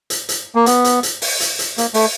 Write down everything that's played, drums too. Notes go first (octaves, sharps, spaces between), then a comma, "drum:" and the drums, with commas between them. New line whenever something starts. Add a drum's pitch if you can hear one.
drum: hi-hat
drum: hi-hat
A#3
B3, drum: hi-hat
drum: hi-hat
drum: hi-hat
drum: open hi-hat
drum: hi-hat
drum: hi-hat
A#3, drum: hi-hat
A3, drum: open hi-hat